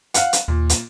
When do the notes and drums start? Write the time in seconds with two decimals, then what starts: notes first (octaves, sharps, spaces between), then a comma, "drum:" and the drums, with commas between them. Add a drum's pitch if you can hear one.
0.14 F5 F#5, drum: hi-hat
0.33 drum: hi-hat
0.48 D#2 A#2
0.69 drum: hi-hat